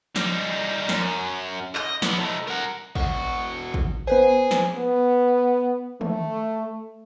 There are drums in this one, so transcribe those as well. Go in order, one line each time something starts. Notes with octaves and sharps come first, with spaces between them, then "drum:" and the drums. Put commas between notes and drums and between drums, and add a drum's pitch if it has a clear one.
G3 D#4, drum: snare
F#2, drum: snare
D#5, drum: clap
B3 E4, drum: snare
A3 D#4
A#4 F#5
E2 F#4, drum: kick
drum: kick
B3 G#4 B4 C5
drum: snare
B3
A3, drum: tom D#3